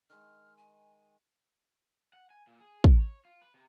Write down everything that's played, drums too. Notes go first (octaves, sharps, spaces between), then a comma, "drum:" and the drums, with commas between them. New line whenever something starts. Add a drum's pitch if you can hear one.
D#3 G#3 F6
G#5
F#5
G#5
A#2
G#4
A#4, drum: kick
C#5
F4
B4
C3